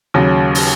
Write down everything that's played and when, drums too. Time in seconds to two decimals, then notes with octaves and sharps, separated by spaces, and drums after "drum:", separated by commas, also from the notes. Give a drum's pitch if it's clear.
0.14 D#2 C#3 F#3
0.55 drum: open hi-hat